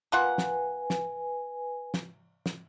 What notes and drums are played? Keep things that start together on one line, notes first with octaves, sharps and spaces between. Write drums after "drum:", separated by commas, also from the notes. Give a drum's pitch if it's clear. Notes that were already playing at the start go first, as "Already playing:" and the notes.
A#3 F4 B4 F#5 G#5
drum: snare
drum: snare
drum: snare
drum: snare